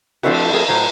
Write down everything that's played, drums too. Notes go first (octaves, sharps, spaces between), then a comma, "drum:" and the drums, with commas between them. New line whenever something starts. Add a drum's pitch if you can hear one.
F3 A3 C4 D4 E4 F#4, drum: cymbal
F3 A3 A#3 C4 G#4 A#4
A2 F#3 C5 A#5